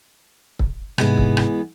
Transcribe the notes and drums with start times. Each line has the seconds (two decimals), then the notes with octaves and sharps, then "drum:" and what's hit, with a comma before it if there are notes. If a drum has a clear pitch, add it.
0.59 drum: kick
0.98 G#2 C3 E3 G#3 B3, drum: rim click
1.17 drum: kick
1.37 drum: rim click